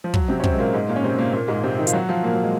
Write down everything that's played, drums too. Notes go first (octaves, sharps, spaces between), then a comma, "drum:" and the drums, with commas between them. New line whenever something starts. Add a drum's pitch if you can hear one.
F3
F#3, drum: kick
C3 C4
C#4
C3 C4, drum: kick
G#3
A#2 A#3
G#2 G#3
A#2 A#3
C#4
C3 C4
A#2 A#3
A#2 A#3
G#2 G#3
C3 C4
D#3 D#4
F4, drum: hi-hat
F#3 F#4
F3 F4
A#2 A#3
F#3
G#3